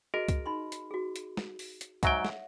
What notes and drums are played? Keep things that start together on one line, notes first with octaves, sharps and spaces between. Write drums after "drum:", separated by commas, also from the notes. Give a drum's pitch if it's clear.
F#4 G#4 A#4 D#5
drum: kick C#2, hi-hat
D#4 B5 C6
drum: hi-hat
F#4 G#4
drum: hi-hat
drum: snare
drum: open hi-hat
drum: hi-hat
G#2 F#3 C#5 E5 F#5 G5, drum: kick C#2, hi-hat
drum: snare